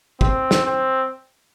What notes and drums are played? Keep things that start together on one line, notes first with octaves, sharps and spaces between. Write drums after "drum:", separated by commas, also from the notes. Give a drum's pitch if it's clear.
C4, drum: kick
drum: snare
C4